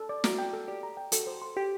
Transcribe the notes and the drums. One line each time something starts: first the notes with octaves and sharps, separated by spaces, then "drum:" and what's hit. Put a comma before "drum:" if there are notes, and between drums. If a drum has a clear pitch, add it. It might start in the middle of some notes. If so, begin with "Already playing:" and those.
Already playing: A4
D5
F#4 A#5, drum: snare
G5
A4
G4 D5
A#5
G5
F#4 A4, drum: hi-hat
C5
C6
G4 G5